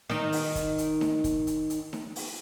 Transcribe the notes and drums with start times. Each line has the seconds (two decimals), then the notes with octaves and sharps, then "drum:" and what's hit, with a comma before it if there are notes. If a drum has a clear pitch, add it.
0.10 D#3 D#4, drum: snare D#4
0.32 drum: open hi-hat
0.55 drum: kick, hi-hat
0.78 drum: hi-hat
1.01 drum: snare D#4
1.24 drum: kick, hi-hat
1.47 drum: hi-hat
1.70 drum: hi-hat
1.93 drum: snare D#4
2.16 drum: open hi-hat